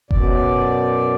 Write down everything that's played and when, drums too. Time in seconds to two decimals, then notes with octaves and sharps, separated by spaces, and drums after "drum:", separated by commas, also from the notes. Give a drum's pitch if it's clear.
0.11 F#2 B2 D5, drum: kick F1